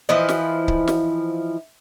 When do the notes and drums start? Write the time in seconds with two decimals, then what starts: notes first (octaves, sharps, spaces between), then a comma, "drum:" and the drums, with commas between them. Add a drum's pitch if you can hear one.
0.09 E3 F3 E4 D#5
0.29 drum: snare
0.68 drum: kick C#1
0.88 drum: snare